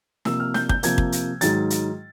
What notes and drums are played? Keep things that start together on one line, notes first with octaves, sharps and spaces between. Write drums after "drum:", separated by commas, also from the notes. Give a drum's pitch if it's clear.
C3 F3 A#3 E6, drum: snare
F6
G6, drum: snare
G6, drum: kick
C3 F3 A#3 G#6, drum: hi-hat
drum: kick
drum: hi-hat
G#2 D#3 F#3 A6, drum: hi-hat
drum: hi-hat